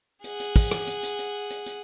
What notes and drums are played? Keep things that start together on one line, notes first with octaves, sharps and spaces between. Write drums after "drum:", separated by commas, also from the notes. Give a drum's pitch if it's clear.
G#4 F#5, drum: hi-hat
drum: hi-hat
drum: kick, open hi-hat
drum: rim click
drum: hi-hat
drum: hi-hat
drum: hi-hat
drum: hi-hat
drum: hi-hat